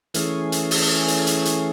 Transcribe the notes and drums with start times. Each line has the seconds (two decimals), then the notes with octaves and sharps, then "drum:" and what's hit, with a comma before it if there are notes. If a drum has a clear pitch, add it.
0.14 E3 A3 C#4 G#4, drum: hi-hat
0.52 drum: hi-hat
0.71 drum: open hi-hat
1.08 drum: hi-hat
1.27 drum: hi-hat
1.45 drum: hi-hat